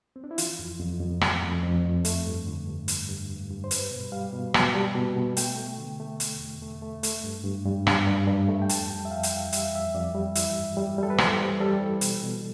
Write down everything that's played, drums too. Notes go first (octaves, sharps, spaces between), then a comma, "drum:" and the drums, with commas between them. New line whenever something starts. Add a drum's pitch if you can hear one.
C4
D4
E4
E3 F4, drum: hi-hat
F2
F2
F2
A3, drum: rim click
F2
F2
F2
A3, drum: hi-hat
G2
D3
G2
G2, drum: hi-hat
G2
G2
G2
C5
G3 B4, drum: hi-hat
B2
G3 F5
B2
B2 A5, drum: rim click
G3
B2
B2
A3 G5, drum: hi-hat
A3
D3
A3
E2, drum: hi-hat
E2
A3
A3
A3, drum: hi-hat
G2
G2
G2
G2 F5, drum: rim click
G2
G2
A3
G5
F2 A5, drum: hi-hat
G3 G5
E5
F2 F5
G5, drum: hi-hat
E3 F5
G3 E5, drum: hi-hat
F5
F2 E5
F2 D5
G3
E3 E5, drum: hi-hat
G2
G3
G3 A4
B4
E3 C5, drum: rim click
G3
G3 A4
E3
B2, drum: hi-hat
B2